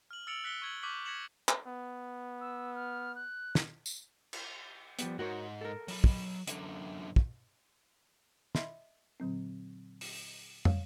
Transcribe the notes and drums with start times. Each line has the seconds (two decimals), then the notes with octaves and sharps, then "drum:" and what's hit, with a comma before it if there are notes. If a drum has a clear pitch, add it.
0.11 F6 F#7
0.27 E6 A6 C#7 D7 F7 F#7
0.44 F#6 B6 C#7 G7
0.62 C#6 G#6 F#7
0.83 C#6 D6 F#6 G6 B6 F#7
1.05 G#6 A#6 B6 C#7 E7 F#7
1.49 drum: clap
1.67 B3
2.41 E6
2.75 F6
3.15 F#6
3.55 drum: snare
3.86 drum: tambourine
4.33 drum: cymbal
4.99 F3 G3 B3, drum: hi-hat
5.19 G#2 F#4 A#4 C#5
5.61 A4 A#4
5.88 F#3 B5, drum: open hi-hat
6.04 drum: kick
6.47 F#2 D3, drum: hi-hat
7.16 drum: kick
8.55 D#5 E5 B5 C6, drum: snare
9.20 A#2 D3 F#3 C4
10.01 drum: open hi-hat
10.65 C#5 F5, drum: tom